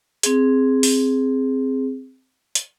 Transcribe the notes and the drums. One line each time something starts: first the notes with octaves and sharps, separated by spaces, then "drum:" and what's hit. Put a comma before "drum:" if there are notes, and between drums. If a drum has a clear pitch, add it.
C4 G#4, drum: hi-hat
drum: open hi-hat
drum: hi-hat